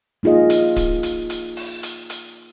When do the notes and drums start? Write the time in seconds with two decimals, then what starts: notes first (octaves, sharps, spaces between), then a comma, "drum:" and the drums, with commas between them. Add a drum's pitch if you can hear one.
0.23 A#3 D#4 F4 G#4 D#5
0.50 drum: hi-hat
0.76 drum: kick D1, hi-hat
1.03 drum: hi-hat
1.30 drum: hi-hat
1.56 drum: open hi-hat
1.83 drum: hi-hat
2.10 drum: hi-hat